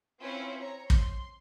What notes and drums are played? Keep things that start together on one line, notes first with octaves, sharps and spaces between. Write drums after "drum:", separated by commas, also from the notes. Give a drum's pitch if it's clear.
C4 C#4 E4 F4 B4
C#5 A#5
C6, drum: kick